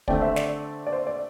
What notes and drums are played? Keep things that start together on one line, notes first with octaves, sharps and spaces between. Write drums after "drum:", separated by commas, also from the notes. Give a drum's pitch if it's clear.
D3 A3 C4 D5 G5, drum: kick
C5 E5
D5, drum: snare
D5
C5
D5